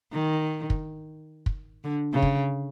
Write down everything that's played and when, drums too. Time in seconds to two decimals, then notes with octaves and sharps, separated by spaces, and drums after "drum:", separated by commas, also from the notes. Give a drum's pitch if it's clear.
0.13 D#3
0.70 drum: kick
1.46 drum: kick
1.84 D3
2.13 C#3
2.22 drum: kick